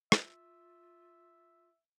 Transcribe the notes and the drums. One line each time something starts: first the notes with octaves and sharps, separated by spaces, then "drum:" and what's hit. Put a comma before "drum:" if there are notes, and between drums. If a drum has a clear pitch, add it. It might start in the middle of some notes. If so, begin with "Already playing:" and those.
F4 E5, drum: rim click